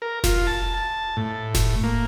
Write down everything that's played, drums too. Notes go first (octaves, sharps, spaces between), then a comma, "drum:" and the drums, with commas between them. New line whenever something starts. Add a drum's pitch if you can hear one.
A#4
F4, drum: snare F1
A5
A5
A2
drum: snare F1
A#3